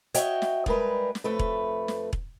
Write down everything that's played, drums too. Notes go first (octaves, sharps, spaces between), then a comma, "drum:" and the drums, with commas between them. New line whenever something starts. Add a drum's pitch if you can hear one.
F#4 C#5 D#5 E5 G5, drum: hi-hat
drum: snare
G3 G#3 A#4 B4, drum: kick E1
drum: snare
F2 A3 A4 B4
drum: kick E1
drum: snare
drum: kick E1